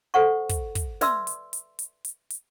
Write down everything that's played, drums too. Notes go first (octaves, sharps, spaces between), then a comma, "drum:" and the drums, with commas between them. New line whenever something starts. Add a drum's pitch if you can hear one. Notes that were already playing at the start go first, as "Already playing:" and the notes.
A4 C5 F#5 C#6
drum: kick, hi-hat
drum: kick, hi-hat
B4 D5 E5 C6 E6, drum: snare
drum: hi-hat
drum: hi-hat
drum: hi-hat
drum: hi-hat
drum: hi-hat